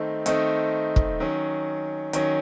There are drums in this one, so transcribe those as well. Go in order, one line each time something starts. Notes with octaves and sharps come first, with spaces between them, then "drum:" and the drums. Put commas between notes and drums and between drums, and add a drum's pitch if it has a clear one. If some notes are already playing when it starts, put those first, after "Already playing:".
Already playing: D#3 A3 C4 D#4
D#3 A3 C4 D#4, drum: hi-hat
drum: kick
D#3 F#3 C#4
D#3 F#3 C#4, drum: hi-hat